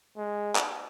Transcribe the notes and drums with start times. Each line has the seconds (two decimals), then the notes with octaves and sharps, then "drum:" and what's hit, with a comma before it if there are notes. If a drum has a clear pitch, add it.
0.17 G#3
0.56 drum: clap